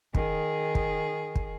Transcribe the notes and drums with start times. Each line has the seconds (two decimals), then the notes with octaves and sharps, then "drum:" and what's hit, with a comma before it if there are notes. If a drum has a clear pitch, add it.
0.15 D#3 G#4, drum: kick
0.75 drum: kick
1.36 drum: kick